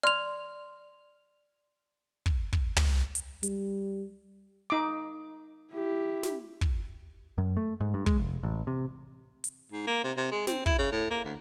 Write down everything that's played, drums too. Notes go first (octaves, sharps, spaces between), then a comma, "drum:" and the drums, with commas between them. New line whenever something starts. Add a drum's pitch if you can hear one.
D5 C6 F6 F7
drum: kick
drum: kick
drum: tom
drum: hi-hat
G3, drum: hi-hat
D#4 D6
E4 G4
drum: snare
drum: kick
F#2
A3
G#2
G2
G#3, drum: kick
F1
A1
C3
drum: hi-hat
G#2
A#3
C3
C3
G#3
C4, drum: snare
E4, drum: kick
C#3
A2
A#3
D2